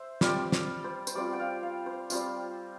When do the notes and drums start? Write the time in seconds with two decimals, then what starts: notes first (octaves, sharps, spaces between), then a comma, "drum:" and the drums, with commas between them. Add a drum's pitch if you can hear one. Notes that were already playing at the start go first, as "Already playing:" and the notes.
Already playing: C5 E5
0.21 G3 C4 F4 D5, drum: snare
0.52 D5, drum: snare
0.84 C5
1.07 C5, drum: tambourine
1.15 G3 C4 F4 D5
1.33 G5
1.39 F5
1.63 F5
1.86 C5
2.10 G3 C4 F4, drum: tambourine